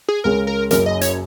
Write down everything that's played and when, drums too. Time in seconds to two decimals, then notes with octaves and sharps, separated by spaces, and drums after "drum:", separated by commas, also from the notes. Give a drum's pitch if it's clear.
0.09 G#4
0.24 C#2 C#3 G#3 C#4 A#4
0.47 A#4
0.71 F#1 F#2 C#3 A#4, drum: hi-hat
0.86 D#5
1.01 C#5, drum: hi-hat